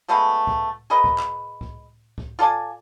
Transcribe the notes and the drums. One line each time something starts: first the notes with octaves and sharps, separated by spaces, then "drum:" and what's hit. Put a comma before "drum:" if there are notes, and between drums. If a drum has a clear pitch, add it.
F3 G#3 A3 B3
drum: kick C#2
G#4 A#4 B4 D#5
drum: kick C#2
drum: clap
drum: kick C#2
drum: kick C#2
F4 A4 D5 G#5